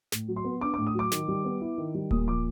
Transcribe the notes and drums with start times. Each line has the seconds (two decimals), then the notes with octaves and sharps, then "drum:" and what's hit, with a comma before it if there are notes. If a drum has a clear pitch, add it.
0.12 A2, drum: snare
0.28 F#3
0.36 C6
0.44 B3
0.61 D4 D6
0.74 D6
0.78 A2
0.87 D#6
0.95 F#3 D6
1.12 D#3, drum: snare
1.28 G3
1.44 B3
1.61 E4
1.78 D#3
1.95 G3
2.11 A#2 D#6, drum: kick D1
2.27 F3 D6